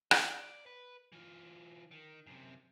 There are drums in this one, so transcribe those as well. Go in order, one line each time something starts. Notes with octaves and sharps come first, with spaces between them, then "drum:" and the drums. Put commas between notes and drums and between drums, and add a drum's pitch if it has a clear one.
D5, drum: rim click
B4
E3 F4
D#3
F#2 C3